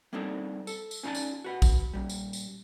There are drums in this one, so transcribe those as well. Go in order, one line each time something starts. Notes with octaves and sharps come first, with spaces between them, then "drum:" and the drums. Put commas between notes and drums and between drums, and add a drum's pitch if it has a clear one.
G3 A#3 C4 D4 D#4 A4
A4, drum: tambourine
drum: tambourine
C#4 D#4 F4 D5 G#5 A5
drum: tambourine
F#4 B4 F#5
drum: kick A#1, tambourine
A#2 G3
drum: tambourine
drum: tambourine